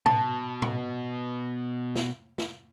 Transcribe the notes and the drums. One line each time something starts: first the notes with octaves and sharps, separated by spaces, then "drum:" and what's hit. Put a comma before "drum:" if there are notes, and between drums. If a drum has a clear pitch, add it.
B2 A5, drum: tom A2
drum: tom A2
drum: snare
drum: snare